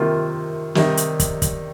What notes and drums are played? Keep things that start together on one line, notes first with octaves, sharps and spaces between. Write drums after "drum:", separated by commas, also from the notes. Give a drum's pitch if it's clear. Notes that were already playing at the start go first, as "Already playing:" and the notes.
Already playing: C3 D#3 A#3 F4
C3 D#3 G3 D#4, drum: snare
drum: hi-hat
drum: kick, hi-hat
drum: kick, hi-hat